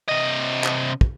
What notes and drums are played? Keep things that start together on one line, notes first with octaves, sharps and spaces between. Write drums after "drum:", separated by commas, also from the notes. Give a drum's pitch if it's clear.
C3 D#5
drum: clap
drum: kick